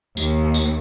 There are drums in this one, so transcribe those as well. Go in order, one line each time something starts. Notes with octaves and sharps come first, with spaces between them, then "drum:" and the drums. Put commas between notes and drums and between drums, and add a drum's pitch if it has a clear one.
D#2, drum: tambourine
drum: tambourine